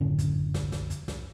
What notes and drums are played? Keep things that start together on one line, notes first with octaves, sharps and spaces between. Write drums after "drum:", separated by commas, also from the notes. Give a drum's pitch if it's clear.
F#1 A2 D3 C#4
drum: kick, hi-hat
drum: snare
drum: snare
drum: kick, hi-hat
drum: snare